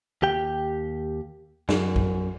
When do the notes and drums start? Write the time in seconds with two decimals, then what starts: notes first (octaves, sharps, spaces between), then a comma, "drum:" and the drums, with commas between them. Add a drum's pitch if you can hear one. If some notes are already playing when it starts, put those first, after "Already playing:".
0.22 D#2 G4 G5
1.69 F#2, drum: snare
1.96 drum: kick A#1